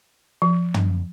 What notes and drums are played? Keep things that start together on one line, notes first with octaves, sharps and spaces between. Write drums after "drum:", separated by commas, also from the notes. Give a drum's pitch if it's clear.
F3
drum: tom